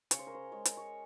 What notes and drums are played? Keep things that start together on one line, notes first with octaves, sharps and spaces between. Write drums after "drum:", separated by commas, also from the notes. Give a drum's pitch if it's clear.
C#3 C#5, drum: hi-hat
C5
A#4
C5
G#3 C#5
drum: hi-hat
C#5